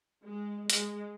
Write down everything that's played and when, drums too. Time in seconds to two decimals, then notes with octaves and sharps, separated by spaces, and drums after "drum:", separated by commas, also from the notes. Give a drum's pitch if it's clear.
0.23 G#3
0.70 G#3, drum: hi-hat